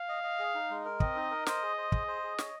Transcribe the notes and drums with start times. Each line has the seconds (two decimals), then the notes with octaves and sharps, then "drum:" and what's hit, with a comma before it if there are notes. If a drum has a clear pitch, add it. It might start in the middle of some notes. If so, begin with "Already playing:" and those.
Already playing: F5
0.09 D#5
0.24 D#5
0.39 G#4
0.55 D#4
0.70 G#3
0.85 A#4
1.00 C4 D#5, drum: kick
1.16 D#4
1.31 A#4
1.46 C5 D#5, drum: snare
1.62 G#4
1.77 C5
1.92 G#4, drum: kick
2.08 C5
2.24 G#4
2.38 C#5, drum: snare